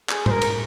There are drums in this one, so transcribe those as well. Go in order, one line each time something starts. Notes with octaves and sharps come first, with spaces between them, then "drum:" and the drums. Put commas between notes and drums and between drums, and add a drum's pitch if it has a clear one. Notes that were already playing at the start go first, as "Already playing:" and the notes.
G#4, drum: clap
C5, drum: tom A2
A#4
drum: cymbal